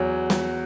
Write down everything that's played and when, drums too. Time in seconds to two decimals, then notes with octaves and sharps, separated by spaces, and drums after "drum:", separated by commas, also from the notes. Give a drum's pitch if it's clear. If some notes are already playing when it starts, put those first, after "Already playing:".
Already playing: E2 F#3
0.30 drum: snare